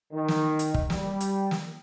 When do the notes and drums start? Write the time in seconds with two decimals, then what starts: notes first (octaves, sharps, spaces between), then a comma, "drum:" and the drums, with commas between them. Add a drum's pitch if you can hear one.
0.12 D#3
0.28 drum: snare
0.59 drum: hi-hat
0.74 drum: kick
0.90 G3, drum: snare
1.20 drum: hi-hat
1.51 drum: snare